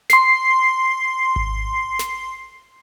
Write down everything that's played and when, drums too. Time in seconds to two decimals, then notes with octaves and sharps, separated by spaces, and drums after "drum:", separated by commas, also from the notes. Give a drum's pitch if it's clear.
0.10 C6 C7, drum: snare
1.36 drum: kick G#1
1.99 drum: snare